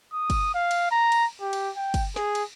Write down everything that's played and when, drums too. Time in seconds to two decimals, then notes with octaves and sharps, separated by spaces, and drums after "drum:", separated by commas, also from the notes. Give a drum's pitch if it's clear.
0.13 D#6
0.30 drum: kick, cymbal
0.54 F5
0.71 drum: cymbal
0.91 A#5
1.12 drum: cymbal
1.41 G4
1.53 drum: cymbal
1.76 G5
1.94 drum: kick, cymbal
2.16 G#4, drum: snare
2.35 drum: cymbal